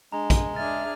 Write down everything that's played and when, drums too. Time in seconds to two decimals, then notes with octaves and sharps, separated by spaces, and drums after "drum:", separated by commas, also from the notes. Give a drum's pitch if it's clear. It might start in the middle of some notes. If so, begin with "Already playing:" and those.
0.12 G#3 D4 A#5
0.30 drum: kick A#1, hi-hat
0.56 D4 G#4 E5 F6 A6